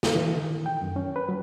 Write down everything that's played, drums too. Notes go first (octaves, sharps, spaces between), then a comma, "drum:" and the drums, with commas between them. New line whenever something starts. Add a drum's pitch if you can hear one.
drum: snare
E3
D#3
G5
F#2
C#4
B4
F#3